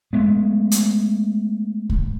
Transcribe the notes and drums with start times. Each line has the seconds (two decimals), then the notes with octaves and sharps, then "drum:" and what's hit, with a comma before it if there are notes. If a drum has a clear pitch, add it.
0.13 G#3 A3 B3
0.71 drum: hi-hat
1.89 drum: kick